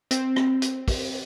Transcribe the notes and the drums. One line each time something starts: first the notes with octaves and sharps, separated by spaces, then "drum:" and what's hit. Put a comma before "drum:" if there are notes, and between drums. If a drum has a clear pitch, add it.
C4, drum: hi-hat
drum: rim click
drum: hi-hat
drum: kick, open hi-hat